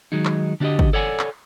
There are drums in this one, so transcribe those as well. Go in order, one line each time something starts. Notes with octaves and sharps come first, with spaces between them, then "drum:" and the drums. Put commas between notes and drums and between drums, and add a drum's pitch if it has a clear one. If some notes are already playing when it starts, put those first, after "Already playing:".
D#3 F#3 G#3 D#4
drum: clap
D3 D4 D#4 F#4 G4 D#5
drum: kick
A4 C#5 D5 F#5 G#5
drum: clap